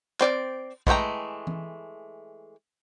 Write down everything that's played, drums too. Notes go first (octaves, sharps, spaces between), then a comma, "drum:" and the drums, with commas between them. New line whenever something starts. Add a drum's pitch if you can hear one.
C4 D5, drum: clap
E3 G#3 A3 G5 A#5, drum: kick
drum: tom E3